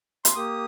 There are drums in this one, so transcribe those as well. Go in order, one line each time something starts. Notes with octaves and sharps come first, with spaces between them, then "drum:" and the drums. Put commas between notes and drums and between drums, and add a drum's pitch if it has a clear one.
C6, drum: hi-hat
A#3 G4 D#6